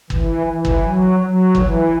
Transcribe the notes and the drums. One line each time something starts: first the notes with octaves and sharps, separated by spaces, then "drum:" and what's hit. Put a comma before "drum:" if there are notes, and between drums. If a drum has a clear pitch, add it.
E3, drum: kick G1
E3
drum: kick G1
F#3
F#3
E3, drum: kick G1